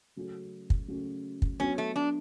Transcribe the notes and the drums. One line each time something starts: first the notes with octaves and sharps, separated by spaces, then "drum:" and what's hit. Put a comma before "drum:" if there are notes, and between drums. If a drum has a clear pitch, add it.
C#3 F#3 A3 C#4 F#4
drum: kick
C#3 F#3 A3 C#4 F#4
drum: kick
F#3 B3 C#4 F#4 C#5
A3
D4